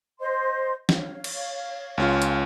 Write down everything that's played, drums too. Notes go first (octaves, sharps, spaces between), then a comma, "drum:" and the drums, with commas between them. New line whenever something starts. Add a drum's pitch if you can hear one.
C5 D#5 C6
C#5 F5, drum: snare
drum: cymbal
C#2 C#4 F4
drum: hi-hat